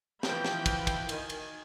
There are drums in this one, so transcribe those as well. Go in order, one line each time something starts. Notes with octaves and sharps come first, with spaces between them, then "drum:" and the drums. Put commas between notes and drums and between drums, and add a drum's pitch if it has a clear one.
E3 F3 G5 B5, drum: snare
drum: snare
drum: kick, cymbal
drum: kick, cymbal
D#3 G#5, drum: cymbal
drum: cymbal